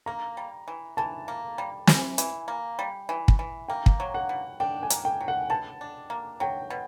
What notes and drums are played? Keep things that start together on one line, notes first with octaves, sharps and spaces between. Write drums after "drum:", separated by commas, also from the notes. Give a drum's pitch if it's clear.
A#3 A#5
G3
E3
E3 A5
A#3
G3
E3 G#5, drum: snare
E3, drum: hi-hat
A#3
G3
E3
drum: kick
E3
A#3 G5
drum: kick
F#3
F#5
B2
D4 G5
G#5
A#3, drum: hi-hat
G5
F#3
F#5
B2 A5
D4
A#3
F#3 G5
B2